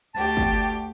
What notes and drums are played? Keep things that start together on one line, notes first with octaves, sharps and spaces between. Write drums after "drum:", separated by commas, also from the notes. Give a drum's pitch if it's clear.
D2 G4 A5
drum: kick